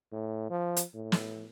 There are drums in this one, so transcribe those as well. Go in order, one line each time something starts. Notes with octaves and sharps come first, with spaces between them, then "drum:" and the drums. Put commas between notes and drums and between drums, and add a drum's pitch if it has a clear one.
A2
F3
drum: hi-hat
A2
drum: snare